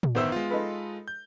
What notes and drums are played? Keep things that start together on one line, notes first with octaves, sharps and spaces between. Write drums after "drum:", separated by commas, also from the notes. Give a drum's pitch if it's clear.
drum: tom
G1 D#3 B3 C5 E5 E6
G#3 F4
D#4 A4 B4
G6